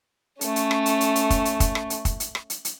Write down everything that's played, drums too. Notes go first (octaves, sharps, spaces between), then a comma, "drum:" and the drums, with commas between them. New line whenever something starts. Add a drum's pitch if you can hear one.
A3 C#4, drum: hi-hat
drum: hi-hat
drum: rim click
drum: hi-hat
drum: hi-hat
drum: hi-hat
drum: kick, hi-hat
drum: hi-hat
drum: kick, hi-hat
drum: rim click
drum: hi-hat
drum: kick, hi-hat
drum: hi-hat
drum: rim click
drum: hi-hat
drum: hi-hat